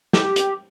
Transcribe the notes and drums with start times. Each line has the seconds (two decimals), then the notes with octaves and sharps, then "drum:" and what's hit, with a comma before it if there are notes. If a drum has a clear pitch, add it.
0.13 G4, drum: snare
0.36 drum: hi-hat